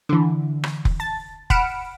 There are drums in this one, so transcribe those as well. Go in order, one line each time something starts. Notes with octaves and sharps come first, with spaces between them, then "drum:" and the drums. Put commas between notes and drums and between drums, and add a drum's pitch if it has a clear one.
D3 E3
drum: rim click
drum: kick F1
A5 A6
F#5 B5 F6 C#7 D7 E7, drum: kick F1